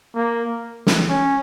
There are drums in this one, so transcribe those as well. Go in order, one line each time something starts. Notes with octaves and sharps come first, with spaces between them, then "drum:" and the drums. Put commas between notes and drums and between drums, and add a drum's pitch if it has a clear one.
A#3
drum: snare
C#4